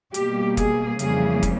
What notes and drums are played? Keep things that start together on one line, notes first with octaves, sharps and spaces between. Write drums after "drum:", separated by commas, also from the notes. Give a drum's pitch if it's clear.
B2 G3 A#3 G4, drum: hi-hat
G#4, drum: kick, hi-hat
F2 C#3 E3 G3 A#3 G#4, drum: hi-hat
drum: kick, hi-hat